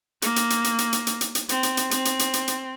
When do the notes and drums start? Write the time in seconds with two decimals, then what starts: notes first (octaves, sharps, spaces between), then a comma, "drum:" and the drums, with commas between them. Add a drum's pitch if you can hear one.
0.22 A#3, drum: hi-hat
0.36 drum: hi-hat
0.50 drum: hi-hat
0.64 drum: hi-hat
0.78 drum: hi-hat
0.93 drum: hi-hat
1.07 drum: hi-hat
1.21 drum: hi-hat
1.35 drum: hi-hat
1.49 C4, drum: hi-hat
1.63 drum: hi-hat
1.77 drum: hi-hat
1.91 C4, drum: hi-hat
2.05 drum: hi-hat
2.19 drum: hi-hat
2.33 drum: hi-hat
2.48 drum: hi-hat